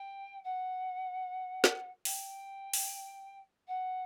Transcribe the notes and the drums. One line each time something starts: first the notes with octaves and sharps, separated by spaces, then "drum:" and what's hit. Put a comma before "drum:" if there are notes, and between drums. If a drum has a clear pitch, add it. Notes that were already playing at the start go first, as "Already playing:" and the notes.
Already playing: G5
F#5
drum: snare
G5, drum: open hi-hat
drum: open hi-hat
F#5